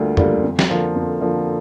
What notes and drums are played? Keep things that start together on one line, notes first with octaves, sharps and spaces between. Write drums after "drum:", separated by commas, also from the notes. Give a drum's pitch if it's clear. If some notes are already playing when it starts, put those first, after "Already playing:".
Already playing: D2 D3 G3 A#3 F4
D3 G3 A#3 F4, drum: tom
F2
drum: snare
D3 F3 A#3
F2
D3 F3 A#3